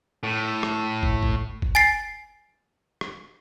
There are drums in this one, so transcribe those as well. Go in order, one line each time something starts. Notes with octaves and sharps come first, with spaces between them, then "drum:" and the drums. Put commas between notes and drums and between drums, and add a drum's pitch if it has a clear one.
A2
drum: rim click
drum: kick
drum: kick
drum: kick
G#5 A6 C7
drum: rim click